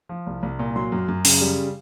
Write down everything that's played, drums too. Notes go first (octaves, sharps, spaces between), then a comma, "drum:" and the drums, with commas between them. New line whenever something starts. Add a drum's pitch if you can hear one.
F3
C2
C2
A#2
F#3 C6
F#2
F#2
C#3, drum: open hi-hat
G3